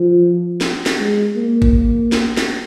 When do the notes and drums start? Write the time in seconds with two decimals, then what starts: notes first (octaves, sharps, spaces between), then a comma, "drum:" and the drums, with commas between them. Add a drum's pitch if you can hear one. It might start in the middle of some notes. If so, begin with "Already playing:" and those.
Already playing: F3
0.61 drum: snare
0.86 drum: snare
0.99 G#3
1.36 A#3
1.62 drum: kick G#1
2.12 drum: snare
2.37 drum: snare